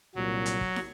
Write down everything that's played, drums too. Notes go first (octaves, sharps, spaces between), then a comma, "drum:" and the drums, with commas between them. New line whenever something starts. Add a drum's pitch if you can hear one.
C2 A#2 F#3
drum: hi-hat
drum: kick
drum: snare